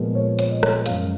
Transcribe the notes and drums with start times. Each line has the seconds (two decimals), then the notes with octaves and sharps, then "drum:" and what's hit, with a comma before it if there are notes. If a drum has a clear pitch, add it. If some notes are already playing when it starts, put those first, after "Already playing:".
Already playing: A#2 F3 G#3 B3 F4
0.15 C#5
0.39 C#5, drum: hi-hat
0.51 D#5
0.63 C#5, drum: rim click
0.86 F#2 F3 G#3 F5, drum: hi-hat